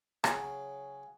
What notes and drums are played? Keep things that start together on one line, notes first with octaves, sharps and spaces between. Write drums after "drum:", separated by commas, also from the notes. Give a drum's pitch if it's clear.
C#3 F#3, drum: rim click